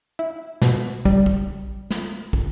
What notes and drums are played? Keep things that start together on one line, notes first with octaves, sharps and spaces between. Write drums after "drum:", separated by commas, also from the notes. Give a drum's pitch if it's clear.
E4
B2, drum: snare
G3, drum: kick
drum: kick
drum: snare
drum: kick